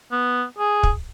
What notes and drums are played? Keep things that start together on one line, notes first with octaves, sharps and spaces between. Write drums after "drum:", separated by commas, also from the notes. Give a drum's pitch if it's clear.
B3
G#4
drum: kick